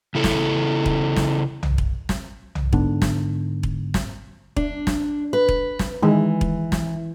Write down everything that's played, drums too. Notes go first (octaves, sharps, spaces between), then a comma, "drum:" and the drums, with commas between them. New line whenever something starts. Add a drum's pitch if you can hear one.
C#3 E4 A4
drum: snare
drum: kick E1
drum: snare
drum: tom
drum: kick E1
drum: snare
drum: tom
G#2 D3 B3 D4, drum: kick E1
drum: snare
drum: kick E1
drum: snare
D4, drum: kick E1
drum: snare
B4
drum: kick E1
drum: snare
D#3 E3 G#3
drum: kick E1
drum: snare